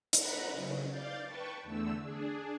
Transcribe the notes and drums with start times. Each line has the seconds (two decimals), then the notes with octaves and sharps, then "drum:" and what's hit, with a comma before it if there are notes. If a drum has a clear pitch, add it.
0.13 F#5 A#5 B5, drum: hi-hat
0.53 C#3 F#3
0.90 D5 F5 G6 A6
1.27 B4 G5 A5 C#6
1.63 E2 D3 A3 E6
2.00 D4 G#4